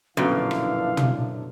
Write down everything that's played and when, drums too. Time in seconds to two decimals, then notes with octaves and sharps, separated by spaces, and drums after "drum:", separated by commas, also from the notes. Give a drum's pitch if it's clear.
0.17 A#1 F#2 B2 D3 E3 D4 F5 G5
0.51 drum: rim click
0.97 drum: tom